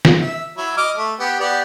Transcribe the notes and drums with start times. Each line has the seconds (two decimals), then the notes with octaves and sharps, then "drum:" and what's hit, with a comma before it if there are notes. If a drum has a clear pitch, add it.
0.05 drum: snare
0.22 E5
0.57 F#3 E4
0.77 D#5 D6 F6
0.97 A3
1.20 B3 G4
1.40 B3 G4 D5